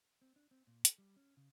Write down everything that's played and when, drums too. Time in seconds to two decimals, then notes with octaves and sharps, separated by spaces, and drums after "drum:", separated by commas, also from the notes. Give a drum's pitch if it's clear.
0.22 C4
0.36 D4
0.51 C4
0.67 A#2
0.85 A4, drum: hi-hat
0.98 G3
1.16 C#4
1.37 C#3